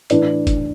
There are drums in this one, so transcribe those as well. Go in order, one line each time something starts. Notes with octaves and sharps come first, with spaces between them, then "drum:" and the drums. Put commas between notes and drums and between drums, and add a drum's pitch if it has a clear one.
A2 E3 D4 B4, drum: hi-hat
drum: kick F#1, hi-hat